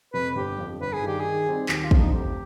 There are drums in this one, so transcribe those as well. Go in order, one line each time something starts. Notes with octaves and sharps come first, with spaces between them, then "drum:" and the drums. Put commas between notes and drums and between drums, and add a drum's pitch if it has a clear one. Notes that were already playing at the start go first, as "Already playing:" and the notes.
F2 C3 B4
G1 G4
F2 D3 F3
G1 B4
G#4
G2 D#3 G3 D4 G4
D#3 G#4
G3 C4 D#4 G4
D#2 G4, drum: clap
F4
D3 F3 C4, drum: kick
D#4
F1 G4